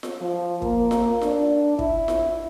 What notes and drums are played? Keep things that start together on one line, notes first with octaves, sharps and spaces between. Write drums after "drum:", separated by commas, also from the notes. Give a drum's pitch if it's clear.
drum: snare F4
F3
A#3, drum: kick
drum: snare F4
D4, drum: snare F4
E4, drum: kick
drum: snare F4